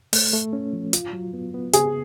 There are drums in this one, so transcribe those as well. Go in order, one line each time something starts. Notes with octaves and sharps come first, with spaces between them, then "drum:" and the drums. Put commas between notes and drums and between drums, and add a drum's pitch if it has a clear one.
A3, drum: open hi-hat
A3
C#4
F3
F4, drum: hi-hat
F#3
B3
B3
C#3 G#4, drum: hi-hat